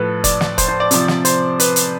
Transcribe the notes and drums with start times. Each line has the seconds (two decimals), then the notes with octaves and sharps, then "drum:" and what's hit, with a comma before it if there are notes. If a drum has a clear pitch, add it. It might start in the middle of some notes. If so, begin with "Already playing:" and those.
Already playing: A2 F3 A4 B4
0.24 D5, drum: kick F1, hi-hat
0.41 drum: snare
0.58 C5, drum: kick F1, hi-hat
0.68 C5
0.80 D5
0.91 C3 F3, drum: hi-hat
1.08 drum: snare
1.25 C5, drum: hi-hat
1.60 B4, drum: hi-hat
1.76 drum: hi-hat